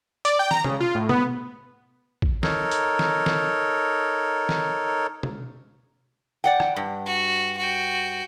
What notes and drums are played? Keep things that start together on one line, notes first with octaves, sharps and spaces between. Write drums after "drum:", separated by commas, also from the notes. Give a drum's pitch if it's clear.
D5, drum: hi-hat
G5
A#5, drum: snare
C#3, drum: tom
F4
A2
B3, drum: tom
drum: kick
D#4 A4 A#4 C#5, drum: snare
drum: hi-hat
drum: snare
drum: snare
drum: snare
drum: tom
D5 F#5 G5
drum: rim click
G2
F#4
F#4 G5